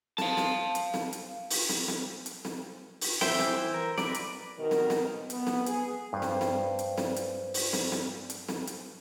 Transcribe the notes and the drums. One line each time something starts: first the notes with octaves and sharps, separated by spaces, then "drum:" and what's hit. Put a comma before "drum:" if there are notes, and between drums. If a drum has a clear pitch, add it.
F5 A5, drum: snare
drum: snare
drum: hi-hat
drum: snare
drum: hi-hat
drum: open hi-hat
drum: snare
drum: snare
drum: hi-hat
drum: snare
drum: open hi-hat
E3 C5 E5 G5, drum: snare
drum: snare
A#4
B4 D5, drum: snare
drum: hi-hat
B2 D#3 A#4
drum: snare
drum: snare
B3, drum: hi-hat
drum: snare
G#4, drum: hi-hat
G2 B4 C5 D5
drum: snare
drum: snare
drum: hi-hat
drum: snare
drum: hi-hat
drum: open hi-hat
drum: snare
drum: snare
drum: hi-hat
drum: snare
drum: hi-hat